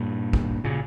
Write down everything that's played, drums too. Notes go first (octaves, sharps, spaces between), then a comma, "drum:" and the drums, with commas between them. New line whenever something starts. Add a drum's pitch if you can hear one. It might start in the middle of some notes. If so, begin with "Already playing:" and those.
Already playing: G2 A#2
drum: kick
A#2 C#3